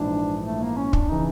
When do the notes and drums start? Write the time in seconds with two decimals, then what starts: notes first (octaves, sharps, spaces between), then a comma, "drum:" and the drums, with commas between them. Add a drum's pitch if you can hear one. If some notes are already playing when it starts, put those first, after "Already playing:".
Already playing: A#1 G#2 E3 D4
0.46 A3
0.62 A#3
0.77 C#4
0.93 D4, drum: kick
1.09 C#3 E3 D#4